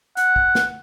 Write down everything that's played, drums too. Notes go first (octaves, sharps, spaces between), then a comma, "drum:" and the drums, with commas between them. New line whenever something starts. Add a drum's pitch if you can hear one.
F#5, drum: hi-hat
drum: kick A1
drum: snare